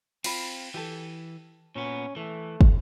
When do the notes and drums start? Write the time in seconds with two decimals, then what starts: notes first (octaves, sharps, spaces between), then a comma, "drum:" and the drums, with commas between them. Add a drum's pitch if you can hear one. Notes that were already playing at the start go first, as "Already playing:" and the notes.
0.24 C4 F4 B5, drum: cymbal
0.74 E3 G4 A4
1.76 A#2 B3 C#4
2.16 E3 A3
2.61 drum: kick